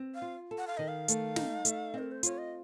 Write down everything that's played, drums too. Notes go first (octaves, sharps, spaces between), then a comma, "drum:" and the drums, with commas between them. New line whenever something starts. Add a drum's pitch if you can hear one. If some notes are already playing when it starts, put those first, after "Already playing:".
Already playing: C4
F5
F4
A4
F#5
F5
D#3 D#5
F5
A3, drum: hi-hat
D#4, drum: snare
A3, drum: hi-hat
C4 A#4
C5
F4 C#5, drum: hi-hat
D#5